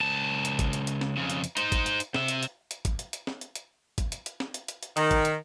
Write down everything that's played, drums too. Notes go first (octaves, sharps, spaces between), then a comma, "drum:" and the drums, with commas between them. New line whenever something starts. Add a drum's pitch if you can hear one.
C#2 A5
drum: hi-hat
drum: kick, hi-hat
drum: hi-hat
drum: hi-hat
drum: snare
F2 C#3
drum: hi-hat
drum: hi-hat
D#4 C5, drum: hi-hat
drum: kick, hi-hat
drum: hi-hat
drum: hi-hat
C3 E5, drum: snare
drum: hi-hat
drum: hi-hat
drum: hi-hat
drum: kick, hi-hat
drum: hi-hat
drum: hi-hat
drum: snare
drum: hi-hat
drum: hi-hat
drum: kick, hi-hat
drum: hi-hat
drum: hi-hat
drum: snare
drum: hi-hat
drum: hi-hat
drum: hi-hat
D#3, drum: hi-hat
drum: kick, hi-hat
drum: hi-hat